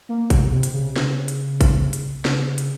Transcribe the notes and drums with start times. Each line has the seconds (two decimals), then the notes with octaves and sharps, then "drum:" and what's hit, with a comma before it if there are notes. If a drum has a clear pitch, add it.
0.09 A#3
0.30 C3, drum: kick A1, hi-hat
0.52 C3
0.63 drum: hi-hat
0.73 C#3
0.96 C#3, drum: snare
1.28 drum: hi-hat
1.61 drum: kick A1, hi-hat
1.93 drum: hi-hat
2.25 C#3, drum: snare
2.58 drum: hi-hat